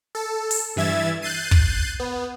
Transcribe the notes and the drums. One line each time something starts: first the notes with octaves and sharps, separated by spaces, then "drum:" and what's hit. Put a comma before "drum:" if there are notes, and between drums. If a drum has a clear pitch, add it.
A4
drum: open hi-hat
G2 E3 E5 G#6 A6
F#6 G6 A6 C7 D#7
drum: kick
B3